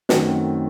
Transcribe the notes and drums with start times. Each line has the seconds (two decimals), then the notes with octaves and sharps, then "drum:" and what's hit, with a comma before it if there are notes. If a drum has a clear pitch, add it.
0.09 F#2 D#3 A3 C4 F#4, drum: snare